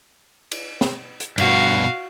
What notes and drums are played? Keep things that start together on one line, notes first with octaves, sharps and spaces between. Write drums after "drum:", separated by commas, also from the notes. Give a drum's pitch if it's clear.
drum: cymbal
drum: snare
drum: hi-hat
G2 B2 F#4 F5, drum: cymbal